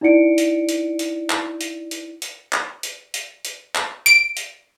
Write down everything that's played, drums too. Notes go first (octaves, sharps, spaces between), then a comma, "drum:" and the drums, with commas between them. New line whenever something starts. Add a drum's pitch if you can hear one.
D#4 E4 D5 F#5 C#7 D7
drum: hi-hat
drum: hi-hat
drum: hi-hat
drum: clap
drum: hi-hat
drum: hi-hat
drum: hi-hat
drum: clap
drum: hi-hat
drum: hi-hat
drum: hi-hat
drum: clap
D7, drum: hi-hat
drum: hi-hat